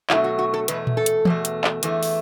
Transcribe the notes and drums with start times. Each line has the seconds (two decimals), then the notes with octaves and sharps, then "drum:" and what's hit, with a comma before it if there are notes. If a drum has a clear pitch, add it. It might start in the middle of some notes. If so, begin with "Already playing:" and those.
0.10 B2 F#3 A3 E4, drum: clap
0.24 F#4
0.39 F#4
0.54 A4
0.68 E2 B2 A3 B4, drum: hi-hat
0.87 drum: tom A#2
0.97 A4
1.06 drum: hi-hat
1.25 E2 B2 A3, drum: tom E3
1.45 drum: hi-hat
1.64 drum: clap
1.83 E2 E3 A3, drum: hi-hat
2.03 drum: open hi-hat